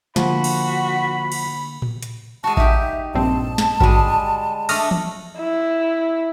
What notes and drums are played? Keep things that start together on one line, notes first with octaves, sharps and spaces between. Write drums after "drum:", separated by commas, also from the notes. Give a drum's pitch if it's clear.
D3 F3 A#3 F#4 B5, drum: snare
drum: cymbal
drum: cymbal
drum: tom A2
drum: hi-hat
G#3 F#4 A5
D#4 G4 E5, drum: kick A1
A#1 G2 C4 A5
drum: snare
G#2 D3 G3 G#3 F#4, drum: kick A1
A3 D4 D#6 F6 A#6, drum: cymbal
drum: tom
E4